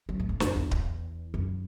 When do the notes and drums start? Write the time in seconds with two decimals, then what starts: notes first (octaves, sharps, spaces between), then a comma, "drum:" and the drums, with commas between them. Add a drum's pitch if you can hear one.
0.09 F#3
0.20 A2
0.29 G2
0.40 F#2, drum: snare
0.56 E2
0.71 drum: kick D1
1.34 F#2